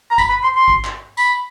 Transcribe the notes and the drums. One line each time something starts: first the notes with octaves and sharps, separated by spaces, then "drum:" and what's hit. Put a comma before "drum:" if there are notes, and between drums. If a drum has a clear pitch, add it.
A#5
B5, drum: kick G#1, tambourine
B5
C6
C6
drum: kick G#1
drum: clap
B5, drum: tambourine